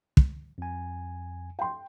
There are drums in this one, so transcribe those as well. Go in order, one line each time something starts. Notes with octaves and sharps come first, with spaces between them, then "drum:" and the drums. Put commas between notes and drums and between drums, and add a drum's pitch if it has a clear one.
drum: kick
F2 G#5
G5 C6